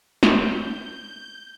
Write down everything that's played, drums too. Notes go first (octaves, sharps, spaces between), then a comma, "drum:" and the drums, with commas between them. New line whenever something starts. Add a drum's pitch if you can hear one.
G6, drum: snare